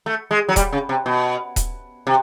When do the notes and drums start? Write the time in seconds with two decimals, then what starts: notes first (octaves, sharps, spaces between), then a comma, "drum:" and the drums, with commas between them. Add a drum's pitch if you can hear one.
0.06 A3
0.31 G#3
0.49 F#3
0.56 G3, drum: kick D#1, hi-hat
0.72 C#3
0.89 C3
1.06 B2
1.56 drum: kick D#1, hi-hat
2.07 C3